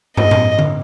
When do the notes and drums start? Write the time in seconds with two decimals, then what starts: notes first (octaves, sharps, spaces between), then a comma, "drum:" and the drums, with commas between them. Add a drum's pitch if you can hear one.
0.17 D#5, drum: tom
0.31 drum: tom A2
0.59 drum: tom D3